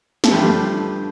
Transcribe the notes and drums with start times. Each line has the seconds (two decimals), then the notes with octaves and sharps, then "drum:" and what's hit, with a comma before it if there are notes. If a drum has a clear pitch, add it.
0.24 A4, drum: snare
0.31 G2 D3 F3 A3 G4 B4